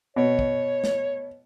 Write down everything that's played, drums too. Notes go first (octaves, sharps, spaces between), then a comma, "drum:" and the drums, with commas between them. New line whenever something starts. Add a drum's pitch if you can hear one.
B2 C#5
drum: kick
drum: snare